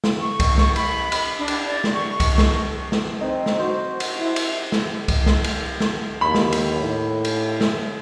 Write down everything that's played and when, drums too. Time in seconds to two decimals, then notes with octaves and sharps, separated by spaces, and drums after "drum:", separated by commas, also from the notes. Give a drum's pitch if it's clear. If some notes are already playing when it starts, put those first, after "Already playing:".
0.04 drum: snare
0.20 C#6
0.40 drum: kick C2, cymbal
0.58 drum: snare
0.76 B5, drum: cymbal
1.12 drum: cymbal
1.38 D4
1.48 drum: cymbal
1.67 D5
1.84 drum: snare
1.94 C#6
2.20 drum: kick C2, cymbal
2.38 drum: snare
2.92 drum: snare
3.21 C4 D#4
3.46 drum: snare
3.59 F#4 C5
4.00 drum: cymbal
4.18 E4
4.36 drum: cymbal
4.72 drum: snare
5.08 drum: kick C2, cymbal
5.26 drum: snare
5.44 drum: cymbal
5.80 drum: snare
6.21 D#2 B5
6.34 drum: snare
6.53 drum: cymbal
6.80 A2
7.25 drum: cymbal
7.61 drum: snare